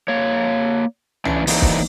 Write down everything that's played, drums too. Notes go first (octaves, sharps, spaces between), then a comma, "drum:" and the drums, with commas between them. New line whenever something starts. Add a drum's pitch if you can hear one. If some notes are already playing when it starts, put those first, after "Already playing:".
A#3 C#5
E3 C#4 D4, drum: tom
E3 F#3 A#3 C4 D4 D#4, drum: open hi-hat
drum: kick